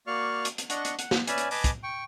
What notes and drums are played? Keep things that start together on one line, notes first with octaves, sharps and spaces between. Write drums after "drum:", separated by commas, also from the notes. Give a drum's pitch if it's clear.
A#3 F#4 D5 F5 C#6 F6
drum: hi-hat
drum: hi-hat
D4 D#5 F#5 C#6, drum: hi-hat
drum: hi-hat
F#5, drum: hi-hat
drum: snare
C#4 B4 D5 E5 G#5, drum: hi-hat
drum: hi-hat
B4 D#5 G#5 A5 D6, drum: open hi-hat
drum: kick, hi-hat
G5 C#6